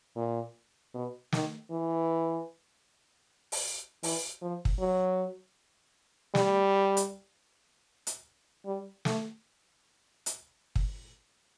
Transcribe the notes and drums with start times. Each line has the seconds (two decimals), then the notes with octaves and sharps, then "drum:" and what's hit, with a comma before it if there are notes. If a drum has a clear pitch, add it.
0.17 A#2
0.94 B2
1.33 D#3, drum: snare
1.71 E3
3.52 drum: open hi-hat
4.03 E3, drum: open hi-hat
4.42 F3
4.65 drum: kick
4.80 F#3
6.35 G3, drum: snare
6.97 drum: hi-hat
8.07 drum: hi-hat
8.66 G3
9.05 A3, drum: snare
10.26 drum: hi-hat
10.76 drum: kick